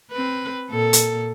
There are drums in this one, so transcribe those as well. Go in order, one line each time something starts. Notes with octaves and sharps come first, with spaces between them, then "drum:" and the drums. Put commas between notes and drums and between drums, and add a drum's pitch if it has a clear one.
C4 B4
A#2 A4
drum: hi-hat